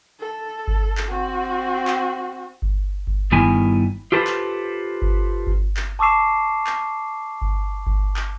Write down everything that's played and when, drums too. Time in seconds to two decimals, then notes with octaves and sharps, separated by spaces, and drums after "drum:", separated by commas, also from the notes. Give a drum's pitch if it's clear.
0.19 A4
0.68 drum: kick G1
0.98 drum: clap
1.10 C4 F#4
1.87 drum: clap
2.62 drum: kick G1
3.07 drum: kick G1
3.32 G2 D#3 G3 B3 E4 G#5
4.12 F4 G4 A4 B4 C5
4.27 drum: clap
5.02 drum: kick G1
5.47 drum: kick G1
5.77 drum: clap
5.99 A5 C#6 D6 E6 C7 E7
6.67 drum: clap
7.42 drum: kick G1
7.86 drum: kick G1
8.16 drum: clap